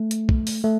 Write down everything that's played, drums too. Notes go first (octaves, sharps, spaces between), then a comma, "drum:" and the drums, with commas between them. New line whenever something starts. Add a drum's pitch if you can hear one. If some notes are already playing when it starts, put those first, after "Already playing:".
Already playing: A3
drum: hi-hat
drum: kick
drum: open hi-hat
A3